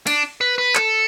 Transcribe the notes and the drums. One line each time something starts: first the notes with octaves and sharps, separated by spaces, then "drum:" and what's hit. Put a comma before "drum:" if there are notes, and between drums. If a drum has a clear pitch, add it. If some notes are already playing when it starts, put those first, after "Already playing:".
D4, drum: cymbal
B4
B4
A4, drum: clap